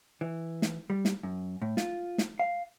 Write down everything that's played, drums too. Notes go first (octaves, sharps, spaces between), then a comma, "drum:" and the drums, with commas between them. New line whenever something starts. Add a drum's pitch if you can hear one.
E3
drum: snare
G3
drum: snare
F#2
A2
F4, drum: snare
drum: snare
F5